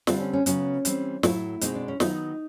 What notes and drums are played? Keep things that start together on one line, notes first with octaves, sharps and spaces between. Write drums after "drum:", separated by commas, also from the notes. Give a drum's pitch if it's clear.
D3 G3 C4 D4, drum: snare
C#4
C#4
C#3 F#3 B3 C#4, drum: hi-hat
E3 G3 C4, drum: hi-hat
A2 F#3 A3 E4, drum: snare
B2 G#3 C4 D#4, drum: hi-hat
D4
C#4
D#3 F#3 B3 D#4, drum: snare